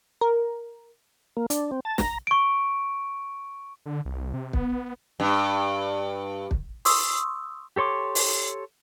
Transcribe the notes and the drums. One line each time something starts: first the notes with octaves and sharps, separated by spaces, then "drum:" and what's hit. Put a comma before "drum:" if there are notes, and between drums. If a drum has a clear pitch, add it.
A#4
A#3
D4, drum: hi-hat
C4
A5
A#5, drum: snare
C#6 D7
D3
C2
C3
B3, drum: kick
G2
drum: kick
C6 C#6 D#6 E6, drum: open hi-hat
G4 A4 C#5 C6 D6
drum: open hi-hat